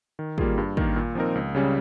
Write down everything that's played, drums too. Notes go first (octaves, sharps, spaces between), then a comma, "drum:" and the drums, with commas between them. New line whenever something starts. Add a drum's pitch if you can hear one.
D#3
G3 A#3 F4 G#4, drum: kick
G2
D#3 A#3, drum: kick
A#2
F3 C4 D#4 A#4
C#2
C#3 G3 C#4